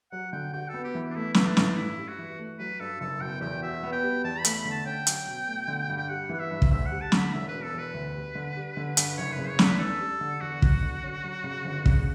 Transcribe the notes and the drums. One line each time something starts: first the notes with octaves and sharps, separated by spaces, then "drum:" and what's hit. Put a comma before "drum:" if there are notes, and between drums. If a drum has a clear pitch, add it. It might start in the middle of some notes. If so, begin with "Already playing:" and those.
F#3 F#5
D3 G5
F#4 G5
B3 A4
G4
E3
D4
A3 E4
E3 E4, drum: snare
D4
A2, drum: snare
G2 E4
G3
F#4
E3
A3
F#3 B4
G2 A4
F#1 A4
B2 G5
E2 G5
F#4 E5
B3
G5
G3
E2 A5
B5
A3, drum: hi-hat
B5
D3
A5
C#4 G5
F#3, drum: hi-hat
B2
A3
D3
G2
G5
G3 F#5
E3 F#5
E5
G2
drum: kick
D2 E5
F#5
G3
A5
D3, drum: snare
B5
E1 E5
B4
B2
A4
E2
B4
D2
G3
D3
G3
D3
G2, drum: hi-hat
F#1 C#5
B4
C#3
C#5
E2 B4, drum: snare
D4 A4
G3
D3
E2 F#4
F#3, drum: kick
D3
C#4
F#3
C#3
G1
C#3, drum: kick